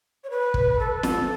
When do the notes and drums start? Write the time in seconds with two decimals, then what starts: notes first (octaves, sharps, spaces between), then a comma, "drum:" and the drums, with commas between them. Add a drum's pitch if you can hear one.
0.24 C#5
0.30 B4
0.54 drum: kick
0.79 A4
1.03 drum: snare